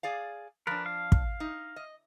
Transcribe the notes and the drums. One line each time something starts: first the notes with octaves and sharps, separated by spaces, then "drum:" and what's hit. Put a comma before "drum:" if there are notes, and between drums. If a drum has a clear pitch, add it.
G#4 D5 F5
F3 D4 A#4 B4
F5
drum: kick
D#4
D#5